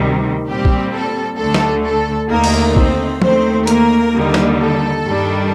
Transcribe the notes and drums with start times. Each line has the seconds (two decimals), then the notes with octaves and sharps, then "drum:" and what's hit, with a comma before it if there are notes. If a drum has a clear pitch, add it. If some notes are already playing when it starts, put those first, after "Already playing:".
Already playing: D2 C3 D#3 G3
0.48 A#2 G3 C4 G4
0.65 drum: kick B1
0.94 A4
1.39 D2 D3 A3 A4
1.54 drum: snare
1.86 A4
2.30 D#2 D3 A3 A#3 D#4 A#4
2.44 drum: cymbal
2.77 C4 C5, drum: kick B1
3.22 D#2 D#3 A3 C4 C5, drum: tom F3
3.67 A#3 A#4, drum: hi-hat
4.13 D#2 D3 G3 A#3 D#4
4.34 drum: snare
4.59 A4
5.03 G2 D#3 G3 D4